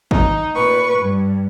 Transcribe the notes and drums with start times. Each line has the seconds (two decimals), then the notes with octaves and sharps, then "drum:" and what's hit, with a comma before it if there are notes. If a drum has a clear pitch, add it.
0.11 D#4, drum: kick G#1
0.55 A#2 B4 C#6
0.98 G2